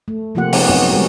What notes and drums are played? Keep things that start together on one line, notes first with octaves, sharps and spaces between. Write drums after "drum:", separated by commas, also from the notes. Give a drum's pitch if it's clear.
A3
C3 F3 A#3 F4 G4 F#5
F3 B3 C#4 D#4 G#4, drum: open hi-hat
F#3 B3 C4 D#4 F#4 G#4
G3 G#3 F#4 A#4